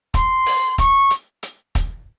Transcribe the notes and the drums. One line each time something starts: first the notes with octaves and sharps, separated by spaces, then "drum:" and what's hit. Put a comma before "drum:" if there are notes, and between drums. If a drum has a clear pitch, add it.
C6, drum: kick, hi-hat
drum: open hi-hat
C#6, drum: kick, hi-hat
drum: hi-hat
drum: hi-hat
drum: kick, hi-hat